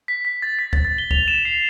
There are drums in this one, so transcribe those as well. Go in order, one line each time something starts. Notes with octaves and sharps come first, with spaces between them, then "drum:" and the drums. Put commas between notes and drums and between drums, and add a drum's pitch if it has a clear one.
B6
B6
A6
B6
A6, drum: kick C#2
A6
G7
F7, drum: kick C#2
E7
C7